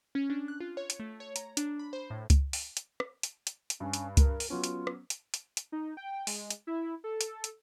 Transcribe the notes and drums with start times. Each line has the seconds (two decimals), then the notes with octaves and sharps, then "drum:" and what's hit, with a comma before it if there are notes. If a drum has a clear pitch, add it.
0.15 C#4
0.30 D4
0.48 F#6
0.60 F4
0.77 C#5
0.90 drum: hi-hat
1.00 A3
1.20 C#5
1.36 A#5, drum: hi-hat
1.57 D4, drum: hi-hat
1.79 B5
1.93 C5
2.10 A2
2.30 drum: kick C#2, hi-hat
2.53 drum: open hi-hat
2.77 drum: hi-hat
3.00 drum: rim click
3.23 drum: hi-hat
3.47 drum: hi-hat
3.70 drum: hi-hat
3.80 G2 C#4
3.93 drum: hi-hat
4.17 A#4, drum: kick C#2, hi-hat
4.40 drum: open hi-hat
4.50 F#3 B3 C#4 F4
4.64 drum: hi-hat
4.87 drum: rim click
5.10 drum: hi-hat
5.34 drum: hi-hat
5.57 drum: hi-hat
5.72 D#4
5.97 G5
6.27 G#3, drum: open hi-hat
6.50 drum: hi-hat
6.67 E4
7.04 A4
7.21 drum: hi-hat
7.44 drum: hi-hat